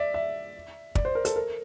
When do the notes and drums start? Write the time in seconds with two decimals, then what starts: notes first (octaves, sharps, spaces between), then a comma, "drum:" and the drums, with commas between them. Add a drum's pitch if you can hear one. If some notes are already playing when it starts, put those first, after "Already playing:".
Already playing: D5 E5
0.14 E5
0.95 D5, drum: kick
1.05 C5
1.15 A#4
1.25 A4, drum: hi-hat
1.36 A#4